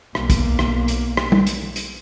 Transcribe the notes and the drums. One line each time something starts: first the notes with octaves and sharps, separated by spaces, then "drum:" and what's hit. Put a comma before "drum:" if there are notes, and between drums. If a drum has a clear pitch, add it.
B1 A#3, drum: rim click
drum: kick, hi-hat
drum: rim click
drum: hi-hat
drum: rim click
drum: tom G3
drum: hi-hat
drum: hi-hat